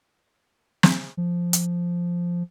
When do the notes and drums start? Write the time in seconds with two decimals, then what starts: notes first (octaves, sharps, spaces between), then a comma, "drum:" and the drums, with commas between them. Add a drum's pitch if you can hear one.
0.83 drum: snare
1.17 F3
1.53 drum: hi-hat